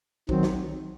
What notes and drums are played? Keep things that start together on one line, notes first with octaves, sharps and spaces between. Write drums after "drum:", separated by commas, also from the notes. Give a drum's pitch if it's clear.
D#3 F#3 C4, drum: kick
drum: snare